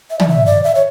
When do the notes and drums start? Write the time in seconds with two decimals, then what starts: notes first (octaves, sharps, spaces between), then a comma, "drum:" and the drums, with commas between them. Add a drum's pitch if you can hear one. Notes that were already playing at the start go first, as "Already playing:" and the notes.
0.11 E5
0.20 D5, drum: tom
0.28 E5
0.46 D5
0.64 E5
0.75 C#5